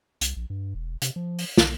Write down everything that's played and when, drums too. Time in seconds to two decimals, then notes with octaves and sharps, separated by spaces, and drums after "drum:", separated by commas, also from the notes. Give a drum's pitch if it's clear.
0.21 C2, drum: hi-hat
0.37 A#1
0.50 G2
0.75 E1
1.02 C3, drum: hi-hat
1.16 F3
1.39 drum: open hi-hat
1.57 B1, drum: snare